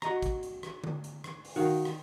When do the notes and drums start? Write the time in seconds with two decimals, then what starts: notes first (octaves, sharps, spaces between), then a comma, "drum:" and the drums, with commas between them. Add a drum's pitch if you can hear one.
0.02 F#4 D#5 A#5, drum: rim click
0.22 drum: kick, hi-hat
0.43 drum: hi-hat
0.63 drum: rim click
0.84 drum: tom D3
1.04 drum: hi-hat
1.24 drum: rim click
1.45 drum: open hi-hat
1.56 D#3 F#4 F5
1.85 drum: rim click